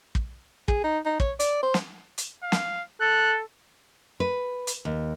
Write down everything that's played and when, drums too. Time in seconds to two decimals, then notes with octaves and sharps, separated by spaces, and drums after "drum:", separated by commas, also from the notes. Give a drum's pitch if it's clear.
0.15 drum: kick
0.68 G#4, drum: kick
0.84 D#4
1.06 D#4
1.20 C#5, drum: kick
1.40 D5, drum: hi-hat
1.63 C5
1.74 drum: snare
2.18 drum: hi-hat
2.43 F5
2.52 drum: snare
3.01 A4 F#6
4.20 B4
4.67 drum: hi-hat
4.85 D#2